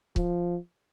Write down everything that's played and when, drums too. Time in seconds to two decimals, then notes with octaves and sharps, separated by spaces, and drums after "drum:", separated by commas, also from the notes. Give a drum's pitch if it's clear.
0.16 F3, drum: kick C#1